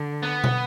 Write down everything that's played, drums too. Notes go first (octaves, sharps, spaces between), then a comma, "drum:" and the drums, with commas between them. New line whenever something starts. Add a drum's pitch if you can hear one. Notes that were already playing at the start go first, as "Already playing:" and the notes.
Already playing: D3
B3
drum: tom